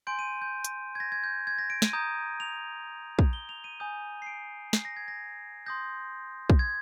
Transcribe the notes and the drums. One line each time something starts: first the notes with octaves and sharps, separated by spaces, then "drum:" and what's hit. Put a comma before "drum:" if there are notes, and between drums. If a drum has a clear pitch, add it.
G#5 C6 G6 D7
D#7
G6
drum: hi-hat
G#6
A#6
G#6
G6
G#6
A#6
D7
D#7, drum: snare
A#5 D#6 G6
F7
drum: kick
G7
F7
D#7
G#5 D#6 G6
C7
D7
C7, drum: snare
A#6
G#6
A#6
C6 D#6 G6 A#6
drum: kick
G#6